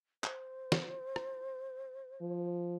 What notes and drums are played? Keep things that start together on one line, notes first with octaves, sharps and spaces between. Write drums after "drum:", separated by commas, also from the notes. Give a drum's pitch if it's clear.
C5, drum: clap
drum: snare
drum: rim click
F3